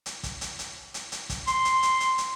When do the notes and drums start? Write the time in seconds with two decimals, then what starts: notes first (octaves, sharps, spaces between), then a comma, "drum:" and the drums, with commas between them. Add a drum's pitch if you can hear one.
0.06 drum: hi-hat
0.23 drum: kick, hi-hat
0.41 drum: hi-hat
0.59 drum: hi-hat
0.94 drum: hi-hat
1.12 drum: hi-hat
1.30 drum: kick, hi-hat
1.47 C6, drum: hi-hat
1.65 drum: hi-hat
1.83 drum: hi-hat
2.00 drum: hi-hat
2.18 drum: hi-hat